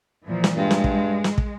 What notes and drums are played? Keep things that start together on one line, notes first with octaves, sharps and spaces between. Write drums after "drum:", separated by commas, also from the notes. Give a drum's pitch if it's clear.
A#2 E3 F3
drum: snare
G2 G#3
drum: snare
drum: kick
drum: snare
drum: kick